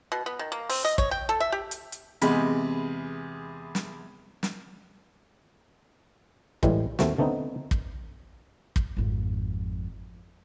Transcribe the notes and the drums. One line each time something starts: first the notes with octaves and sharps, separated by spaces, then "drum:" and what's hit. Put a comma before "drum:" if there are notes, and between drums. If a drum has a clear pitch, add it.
B2
B3
D#3
A#3
C4, drum: open hi-hat
D#5
C#5, drum: kick
G5
A4
E5
G4
drum: hi-hat
drum: hi-hat
E2 C3 G#3 B5, drum: hi-hat
drum: snare
drum: snare
A2 E3 G3 G#3, drum: kick
D#2 A3 C4 F#4, drum: snare
D3 A3 B3 C4 D#4
drum: kick
drum: kick
G#1 F2